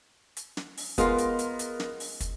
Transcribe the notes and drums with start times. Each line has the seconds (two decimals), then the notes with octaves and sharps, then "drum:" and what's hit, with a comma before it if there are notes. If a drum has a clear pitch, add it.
0.37 drum: hi-hat
0.57 drum: snare
0.77 drum: open hi-hat
0.98 G#3 B3 F4 A#4, drum: kick, hi-hat
1.18 drum: hi-hat
1.39 drum: hi-hat
1.59 drum: hi-hat
1.80 drum: snare
2.00 drum: open hi-hat
2.20 drum: kick, hi-hat